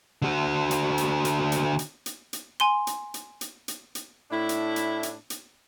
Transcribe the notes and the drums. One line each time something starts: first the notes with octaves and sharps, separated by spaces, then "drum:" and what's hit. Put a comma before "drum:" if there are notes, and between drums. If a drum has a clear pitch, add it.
D3 F#4
drum: hi-hat
drum: hi-hat
drum: hi-hat
drum: hi-hat
drum: hi-hat
drum: hi-hat
drum: hi-hat
G#5 C6 G7
drum: hi-hat
drum: hi-hat
drum: hi-hat
drum: hi-hat
drum: hi-hat
A2 D4 E4
drum: hi-hat
drum: hi-hat
drum: hi-hat
drum: hi-hat